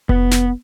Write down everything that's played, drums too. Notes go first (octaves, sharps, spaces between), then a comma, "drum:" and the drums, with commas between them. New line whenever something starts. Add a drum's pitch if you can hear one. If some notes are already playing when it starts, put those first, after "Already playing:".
B3, drum: kick F1
drum: snare